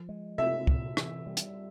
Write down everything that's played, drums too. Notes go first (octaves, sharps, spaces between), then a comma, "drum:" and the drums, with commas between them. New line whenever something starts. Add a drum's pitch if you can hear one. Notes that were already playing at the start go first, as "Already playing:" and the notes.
Already playing: F3
G#3
C3 E5
C3, drum: kick
E3, drum: rim click
G3
drum: hi-hat